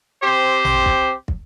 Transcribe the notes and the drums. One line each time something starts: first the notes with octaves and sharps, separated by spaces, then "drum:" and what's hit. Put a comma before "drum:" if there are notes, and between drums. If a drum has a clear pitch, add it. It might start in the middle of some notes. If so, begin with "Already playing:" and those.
C4 G4 C5
drum: tom A1
drum: kick
drum: kick